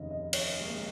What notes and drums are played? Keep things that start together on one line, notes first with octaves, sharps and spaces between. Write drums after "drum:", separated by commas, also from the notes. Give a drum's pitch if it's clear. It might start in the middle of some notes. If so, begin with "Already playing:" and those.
Already playing: F1 D#2 C#3 D#5
D#5
C#5, drum: cymbal
G#3
A#3